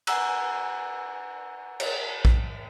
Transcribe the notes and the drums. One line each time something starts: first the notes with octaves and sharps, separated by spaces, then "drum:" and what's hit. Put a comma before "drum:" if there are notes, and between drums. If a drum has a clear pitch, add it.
F#5 G#5 A#5 E6 F#6, drum: cymbal
drum: cymbal
drum: kick A#1